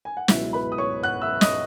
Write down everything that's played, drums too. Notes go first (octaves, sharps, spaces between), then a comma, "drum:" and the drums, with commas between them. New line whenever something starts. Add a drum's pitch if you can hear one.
G#5
F#5
C#2 B2 F#3 E4 E5, drum: snare
B4 B5
D#6
C#5 C#6
F#5 F#6
E5 E6
D#5 D#6, drum: snare